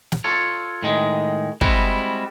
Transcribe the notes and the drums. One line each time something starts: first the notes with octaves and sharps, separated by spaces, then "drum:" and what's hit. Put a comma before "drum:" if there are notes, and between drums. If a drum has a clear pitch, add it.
drum: snare
F4 A4 C#5
A2 D#3 G#3
G3 G#3 C4 E4 F#4, drum: kick